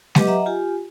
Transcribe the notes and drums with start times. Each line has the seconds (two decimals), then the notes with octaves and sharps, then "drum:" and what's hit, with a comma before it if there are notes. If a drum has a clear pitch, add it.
0.15 F#3 G4 B4 D#5 D6, drum: snare
0.28 D#5 E5 F#5 A#5
0.46 F4 G4 G#5